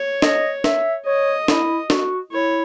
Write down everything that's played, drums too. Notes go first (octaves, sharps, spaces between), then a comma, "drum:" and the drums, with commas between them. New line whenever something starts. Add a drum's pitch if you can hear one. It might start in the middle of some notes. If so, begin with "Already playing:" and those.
Already playing: C#5
D#5, drum: snare
E5, drum: snare
C#5 D#5
E4, drum: snare
F#4, drum: snare
E4 C#5